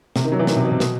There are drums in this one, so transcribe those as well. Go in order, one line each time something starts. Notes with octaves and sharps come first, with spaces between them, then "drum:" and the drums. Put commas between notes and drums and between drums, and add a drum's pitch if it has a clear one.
C3, drum: snare
D#3
F#3
E3
D#3, drum: snare
C3
B2
C3
B2, drum: snare